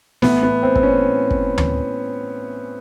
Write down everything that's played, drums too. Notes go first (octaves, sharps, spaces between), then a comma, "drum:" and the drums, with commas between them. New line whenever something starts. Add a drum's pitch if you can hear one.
A2 E3 B3, drum: snare
B3
C4
C4, drum: kick
C#4
drum: kick
drum: tom D2